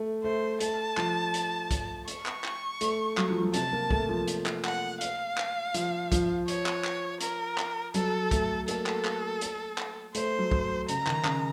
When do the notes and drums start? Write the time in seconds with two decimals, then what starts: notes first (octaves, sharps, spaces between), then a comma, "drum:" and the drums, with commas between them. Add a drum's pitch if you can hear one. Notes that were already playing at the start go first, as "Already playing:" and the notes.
Already playing: A3
0.23 A3 C5
0.60 A3 A5, drum: hi-hat
0.97 F3, drum: clap
1.34 drum: hi-hat
1.71 drum: kick, hi-hat
2.08 C#6, drum: hi-hat
2.26 drum: clap
2.44 drum: clap
2.81 A3, drum: hi-hat
3.17 F#3, drum: clap
3.30 F3
3.42 F#3
3.54 C3 A5, drum: hi-hat
3.73 A#3
3.90 A3, drum: kick
4.09 F3
4.28 drum: hi-hat
4.46 drum: clap
4.65 F#5, drum: clap
5.01 F5, drum: hi-hat
5.38 drum: clap
5.74 F3, drum: hi-hat
6.12 F3, drum: kick, hi-hat
6.48 C#5, drum: hi-hat
6.66 drum: clap
6.84 drum: clap
7.21 A#4, drum: hi-hat
7.58 drum: clap
7.94 F#3 A4, drum: hi-hat
8.31 A3, drum: kick, hi-hat
8.68 A#3 A4, drum: hi-hat
8.86 drum: clap
9.05 drum: clap
9.41 drum: hi-hat
9.78 drum: clap
10.15 A3 C5, drum: hi-hat
10.39 F#3
10.51 drum: kick
10.88 C#3 A#5, drum: hi-hat
11.07 D#3, drum: clap
11.25 C#3, drum: clap